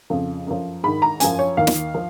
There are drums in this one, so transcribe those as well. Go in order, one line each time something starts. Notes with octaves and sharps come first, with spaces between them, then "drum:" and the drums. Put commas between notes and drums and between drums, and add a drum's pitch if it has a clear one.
F2 C#3 F3
F#2 F3
G#2 D#3 B5
A#5
F#2 F3 G#5, drum: hi-hat
C#5
D#2 D#3 F5
drum: snare
F3